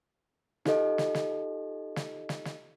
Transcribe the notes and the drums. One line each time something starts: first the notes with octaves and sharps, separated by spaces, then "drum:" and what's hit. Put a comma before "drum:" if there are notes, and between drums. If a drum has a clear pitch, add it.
D#4 F4 G4 A4 D#5, drum: snare
drum: snare
drum: snare
drum: snare
drum: snare
drum: snare